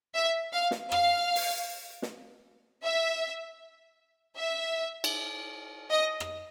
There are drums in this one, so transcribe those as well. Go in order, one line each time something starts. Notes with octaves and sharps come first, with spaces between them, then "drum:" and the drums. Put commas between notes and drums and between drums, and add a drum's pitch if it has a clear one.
E5
F5
drum: snare
F5, drum: rim click
drum: open hi-hat
drum: snare
E5
E5
drum: cymbal
D#5
drum: rim click